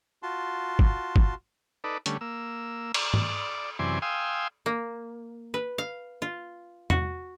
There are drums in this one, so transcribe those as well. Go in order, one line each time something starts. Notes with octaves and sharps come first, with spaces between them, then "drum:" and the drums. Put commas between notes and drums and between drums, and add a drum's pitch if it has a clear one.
F4 F#4 A5 C6
drum: kick
drum: kick
D#4 A4 B4 D5
D3 G3 A3 C#4, drum: hi-hat
A#3 E6
D5, drum: cymbal
drum: tom G#2
F#2 C3 E3 D5 G#5 C6
F5 G5 G#5 C6 D#6 E6
A#3
B4
F5
F4
F#4, drum: tom E2